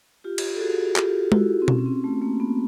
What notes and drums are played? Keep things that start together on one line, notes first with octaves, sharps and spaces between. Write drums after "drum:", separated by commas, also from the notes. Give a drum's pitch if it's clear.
F4 G4
drum: cymbal
A4
F#4 G#4
F4 G4, drum: clap
E4 F#4, drum: tom G#3
C4
C#4, drum: tom B2
C#4
C4
A3
A#3
B3